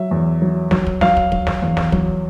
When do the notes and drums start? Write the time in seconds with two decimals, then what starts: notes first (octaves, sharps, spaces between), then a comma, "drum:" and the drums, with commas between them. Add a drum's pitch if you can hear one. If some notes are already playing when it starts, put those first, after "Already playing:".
Already playing: F#3 E5
0.11 E2
0.42 F#3
0.71 F#3, drum: snare
0.87 drum: kick
1.01 F#3 F5, drum: snare
1.17 drum: kick
1.32 F#3, drum: kick
1.47 drum: snare
1.62 E2
1.77 drum: snare
1.92 F#3, drum: kick